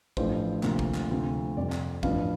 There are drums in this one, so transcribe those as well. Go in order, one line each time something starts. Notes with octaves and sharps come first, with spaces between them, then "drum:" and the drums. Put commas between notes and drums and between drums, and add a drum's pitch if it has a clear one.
A1 G2 F3 A3 C5, drum: kick
D2 C3 F3 A#3, drum: clap
drum: kick
drum: clap
D2 C3 F3 C4
F2 C3 G3 D5
drum: clap
A1 G2 F3 F5, drum: kick